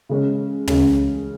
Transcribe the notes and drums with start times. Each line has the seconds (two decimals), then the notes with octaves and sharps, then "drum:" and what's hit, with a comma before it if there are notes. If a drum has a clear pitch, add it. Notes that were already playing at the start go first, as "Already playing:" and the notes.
0.09 C#3 G#3 C#4
0.67 C#3 G#3 C#4, drum: tom